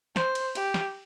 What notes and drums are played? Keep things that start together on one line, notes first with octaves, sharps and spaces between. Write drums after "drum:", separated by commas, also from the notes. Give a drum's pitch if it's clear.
C5, drum: snare
drum: cymbal
G4, drum: cymbal
drum: snare